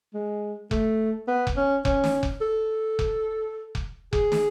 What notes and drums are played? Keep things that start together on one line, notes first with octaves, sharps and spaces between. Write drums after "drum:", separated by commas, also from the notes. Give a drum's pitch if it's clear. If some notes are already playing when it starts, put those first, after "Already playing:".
G#3
A3, drum: kick F1
B3
drum: kick F1
C#4
C#4, drum: kick F1
drum: snare
drum: kick F1
A4
drum: kick F1
drum: kick F1
G#4, drum: kick F1
drum: snare